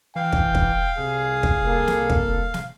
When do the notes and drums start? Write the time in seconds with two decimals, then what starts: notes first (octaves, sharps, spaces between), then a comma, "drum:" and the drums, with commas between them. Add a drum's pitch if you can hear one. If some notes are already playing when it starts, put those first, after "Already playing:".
0.16 E3 F5 G5
0.33 drum: kick
0.55 drum: kick
0.98 C2 G#4
1.43 drum: kick
1.65 A#3 A4
1.87 drum: snare
2.10 drum: kick
2.54 drum: snare